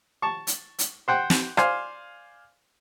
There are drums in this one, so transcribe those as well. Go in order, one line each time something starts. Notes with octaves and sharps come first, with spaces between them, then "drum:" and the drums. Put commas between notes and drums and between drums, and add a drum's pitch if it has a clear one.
A5 C#6
drum: hi-hat
drum: hi-hat
C5 F#5 G5
drum: snare
C5 D5 F5 G#5, drum: rim click